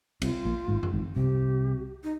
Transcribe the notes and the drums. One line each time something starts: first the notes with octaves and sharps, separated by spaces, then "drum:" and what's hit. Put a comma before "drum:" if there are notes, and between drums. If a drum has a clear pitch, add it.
C2 C3 F4, drum: cymbal
A#1 A#2
G#1 G#2
drum: tom F#2
G#1 G#2
C2 C3 G4
D#4